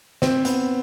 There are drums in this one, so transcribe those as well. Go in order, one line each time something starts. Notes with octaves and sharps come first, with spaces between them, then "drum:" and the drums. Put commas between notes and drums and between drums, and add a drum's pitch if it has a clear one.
C4, drum: snare
B3, drum: hi-hat